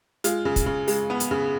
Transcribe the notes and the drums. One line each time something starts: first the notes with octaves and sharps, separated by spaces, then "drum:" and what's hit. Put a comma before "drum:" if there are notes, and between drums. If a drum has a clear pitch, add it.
G#3 F4, drum: hi-hat
C#3
drum: kick, hi-hat
C#3
G#3, drum: open hi-hat
B3
drum: hi-hat
C#3